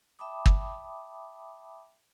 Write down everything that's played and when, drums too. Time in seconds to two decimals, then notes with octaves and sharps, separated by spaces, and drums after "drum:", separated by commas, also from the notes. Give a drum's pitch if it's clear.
0.19 E5 G5 A5 B5 D6 D#6
0.46 drum: kick